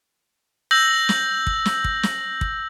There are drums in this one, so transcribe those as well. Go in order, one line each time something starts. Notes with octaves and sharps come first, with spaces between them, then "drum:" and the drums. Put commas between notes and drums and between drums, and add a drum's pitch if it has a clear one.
E6 G6 A#6 F#7
drum: snare
drum: kick
drum: snare
drum: kick
drum: snare
drum: kick